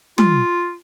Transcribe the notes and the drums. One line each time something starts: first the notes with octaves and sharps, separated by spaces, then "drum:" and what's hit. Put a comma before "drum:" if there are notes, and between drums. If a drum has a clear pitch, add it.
F4, drum: tom